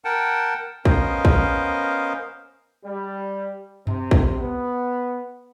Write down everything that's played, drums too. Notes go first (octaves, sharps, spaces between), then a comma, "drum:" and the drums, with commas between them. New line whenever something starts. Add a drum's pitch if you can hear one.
A#4 F#5 G5 A5
B3 C#4 A#4 C5 D#5 F5, drum: kick
drum: kick
G3
C3, drum: tom G2
drum: kick
B3